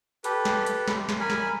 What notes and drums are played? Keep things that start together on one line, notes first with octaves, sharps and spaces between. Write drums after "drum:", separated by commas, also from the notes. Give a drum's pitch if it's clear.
G4 A4 B4, drum: hi-hat
drum: snare
drum: hi-hat
drum: snare
drum: snare
A#4 G#5 B5
drum: snare